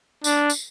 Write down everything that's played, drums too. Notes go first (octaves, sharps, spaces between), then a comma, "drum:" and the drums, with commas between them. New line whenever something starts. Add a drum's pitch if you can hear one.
D4, drum: tambourine
drum: tambourine